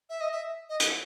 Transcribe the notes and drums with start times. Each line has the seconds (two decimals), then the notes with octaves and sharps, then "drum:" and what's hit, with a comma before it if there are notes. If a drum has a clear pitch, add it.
0.10 E5
0.21 D#5
0.32 E5
0.69 D#5
0.80 drum: hi-hat